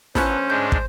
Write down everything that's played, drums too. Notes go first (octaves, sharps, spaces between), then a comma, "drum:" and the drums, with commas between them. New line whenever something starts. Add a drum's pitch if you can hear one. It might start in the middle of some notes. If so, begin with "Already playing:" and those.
D2 B3 C#4 A4 C5 F#6, drum: snare
G#2 G#3 D4 G6
drum: kick